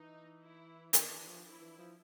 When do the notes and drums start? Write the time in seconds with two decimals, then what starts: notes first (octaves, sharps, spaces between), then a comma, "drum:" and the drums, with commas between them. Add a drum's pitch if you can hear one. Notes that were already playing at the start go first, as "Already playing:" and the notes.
Already playing: E3 D#4
0.41 E4
0.93 D#3 D4, drum: hi-hat
1.10 E3
1.27 F3
1.45 E4
1.61 E3
1.78 F3